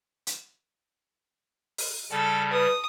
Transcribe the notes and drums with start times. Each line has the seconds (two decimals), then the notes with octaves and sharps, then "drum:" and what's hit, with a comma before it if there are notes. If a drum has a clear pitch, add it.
0.27 drum: hi-hat
1.78 drum: open hi-hat
2.11 C#3 G3 A4
2.53 B4 D#6